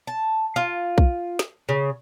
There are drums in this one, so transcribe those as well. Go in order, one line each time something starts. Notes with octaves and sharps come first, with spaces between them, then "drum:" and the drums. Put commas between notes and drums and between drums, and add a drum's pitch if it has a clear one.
A5
F4
drum: kick B1
drum: snare
C#3